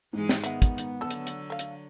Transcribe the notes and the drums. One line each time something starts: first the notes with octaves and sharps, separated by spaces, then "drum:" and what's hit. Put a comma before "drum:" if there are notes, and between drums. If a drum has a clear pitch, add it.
G#2 E3 G#3 G#4
drum: snare
D#3 B3 E5 F#5, drum: hi-hat
drum: kick, hi-hat
drum: hi-hat
D3 F#3 A3 A4 E6
drum: hi-hat
drum: hi-hat
A3 F5
drum: hi-hat